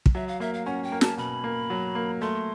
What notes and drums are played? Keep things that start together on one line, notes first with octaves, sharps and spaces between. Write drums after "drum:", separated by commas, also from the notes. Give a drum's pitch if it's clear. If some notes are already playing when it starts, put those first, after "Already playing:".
drum: kick
F#3 E5
F5
A#3 E5
F5
C#4 F#5
G5
A#3
A5, drum: snare
B2 B5
A#3
F#3
A#3
A3 C6